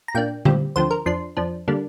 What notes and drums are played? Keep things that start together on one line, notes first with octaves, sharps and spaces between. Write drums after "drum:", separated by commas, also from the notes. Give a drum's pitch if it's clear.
A#5
A#2 A#3 D4 G5
A#2 G3 C4, drum: tom D3
D2 D3 F3 C4 C5
A#4
F2 F3 D4 C6
F2 F3 D4
D3 G3 A#3 D4